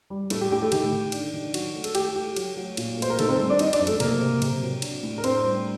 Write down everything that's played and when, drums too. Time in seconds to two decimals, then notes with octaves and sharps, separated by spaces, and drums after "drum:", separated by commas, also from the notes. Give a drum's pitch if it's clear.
0.10 G3
0.30 A2 A3 A4, drum: cymbal
0.41 G4
0.52 A2 G4
0.62 A3 A4
0.72 D#3 G4, drum: cymbal
0.92 D#3
1.12 D4, drum: cymbal
1.33 D#3
1.54 F#3 F#4, drum: cymbal
1.74 A3
1.84 A4, drum: cymbal
1.95 A3 G4, drum: cymbal
2.16 A3 G4
2.36 F#3, drum: cymbal
2.57 F#3
2.77 A#2, drum: cymbal
2.97 A3
3.02 C5, drum: cymbal
3.10 A#4
3.19 D#3 A3 A4, drum: cymbal
3.28 C4 C5
3.38 G3
3.50 D4 D5
3.59 C4 D#4 D#5, drum: cymbal
3.73 D4 D5, drum: cymbal
3.80 F#2
3.87 A3 A4, drum: cymbal
4.00 C3 A#3 A#4, drum: cymbal
4.22 C3
4.42 C3, drum: cymbal
4.63 F#3
4.82 D4, drum: cymbal
5.03 A2
5.18 A#4
5.24 C4 D4 C5, drum: cymbal
5.44 G3